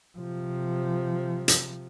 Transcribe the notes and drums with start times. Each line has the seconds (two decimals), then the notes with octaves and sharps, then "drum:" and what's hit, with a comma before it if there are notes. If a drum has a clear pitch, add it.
0.18 C3 F3
1.48 drum: hi-hat